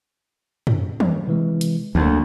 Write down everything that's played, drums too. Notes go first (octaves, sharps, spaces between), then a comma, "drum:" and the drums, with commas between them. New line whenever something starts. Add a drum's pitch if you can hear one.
drum: tom
drum: tom
C3 E3 G#3
drum: hi-hat
D2 F#3 A#3